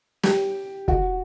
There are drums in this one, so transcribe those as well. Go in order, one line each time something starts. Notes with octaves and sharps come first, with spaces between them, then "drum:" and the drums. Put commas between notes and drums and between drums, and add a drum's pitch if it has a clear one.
G4, drum: snare
F#4, drum: kick